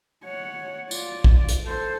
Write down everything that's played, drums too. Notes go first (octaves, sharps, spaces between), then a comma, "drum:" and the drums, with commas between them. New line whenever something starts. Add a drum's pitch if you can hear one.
C#5 F#5
F4 D5, drum: tambourine
drum: kick
drum: hi-hat
A4 C5